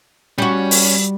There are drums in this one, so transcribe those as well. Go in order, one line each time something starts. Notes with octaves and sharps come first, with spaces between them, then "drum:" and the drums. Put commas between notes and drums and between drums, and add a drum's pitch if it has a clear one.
G3 C#4 F#4
drum: open hi-hat